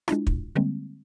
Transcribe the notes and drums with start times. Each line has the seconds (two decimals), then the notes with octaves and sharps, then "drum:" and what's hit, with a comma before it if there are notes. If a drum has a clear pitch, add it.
0.08 G#3 D4 E4 F4, drum: rim click
0.27 drum: kick
0.55 D3 G3 G#3 A#3 C4